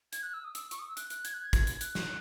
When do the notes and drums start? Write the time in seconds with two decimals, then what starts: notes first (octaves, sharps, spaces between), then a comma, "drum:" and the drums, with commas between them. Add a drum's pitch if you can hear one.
0.13 G#6, drum: hi-hat
0.23 F#6
0.34 E6
0.44 D#6
0.55 E6, drum: hi-hat
0.71 C#6, drum: hi-hat
0.79 D#6
0.88 E6
0.97 F#6, drum: hi-hat
1.10 F#6, drum: hi-hat
1.25 G#6, drum: hi-hat
1.34 F#6
1.43 G#6
1.53 drum: kick, hi-hat
1.67 drum: hi-hat
1.81 F#6, drum: hi-hat
1.95 drum: snare